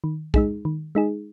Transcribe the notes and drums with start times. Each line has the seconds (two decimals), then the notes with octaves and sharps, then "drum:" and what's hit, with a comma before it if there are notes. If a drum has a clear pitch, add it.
0.04 D#3
0.34 G#3 D#4 G#4, drum: kick
0.65 D#3
0.95 G#3 D#4 G#4